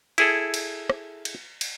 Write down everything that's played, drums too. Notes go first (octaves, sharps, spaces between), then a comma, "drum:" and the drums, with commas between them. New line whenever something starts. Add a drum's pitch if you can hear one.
E4 G#4 A4, drum: cymbal
drum: cymbal
drum: rim click
drum: cymbal
drum: cymbal